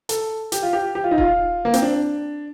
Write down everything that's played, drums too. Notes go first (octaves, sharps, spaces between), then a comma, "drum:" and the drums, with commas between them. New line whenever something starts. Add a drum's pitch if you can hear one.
A4, drum: hi-hat
G4, drum: hi-hat
F4
G4
G4
F4
D#4
F4, drum: kick D#1
A#3
C4, drum: hi-hat
D4